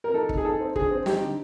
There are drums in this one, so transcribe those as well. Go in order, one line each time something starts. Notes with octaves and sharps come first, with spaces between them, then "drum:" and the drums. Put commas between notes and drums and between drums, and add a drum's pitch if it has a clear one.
A#4
D#4 A4
D#4, drum: kick
G#4
D#4 A4
C4
D3 G#4, drum: kick
C4
D#4 G4, drum: snare
D3